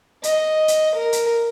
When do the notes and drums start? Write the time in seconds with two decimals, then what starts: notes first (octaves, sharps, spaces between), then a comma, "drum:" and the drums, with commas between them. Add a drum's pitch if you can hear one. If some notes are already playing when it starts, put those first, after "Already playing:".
0.24 D#5, drum: hi-hat
0.68 drum: hi-hat
0.95 A#4
1.13 drum: hi-hat